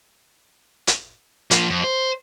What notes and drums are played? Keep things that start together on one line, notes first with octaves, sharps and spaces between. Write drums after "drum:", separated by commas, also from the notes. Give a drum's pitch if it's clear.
drum: hi-hat
F3 A#3, drum: hi-hat
F2
C5